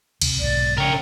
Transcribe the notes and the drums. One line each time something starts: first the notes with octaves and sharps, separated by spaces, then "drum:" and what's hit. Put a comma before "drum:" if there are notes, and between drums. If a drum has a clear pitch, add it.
D#2 C3, drum: cymbal
B1 G#2 D5
C#3 A3 C#4 A#4 C#5 G5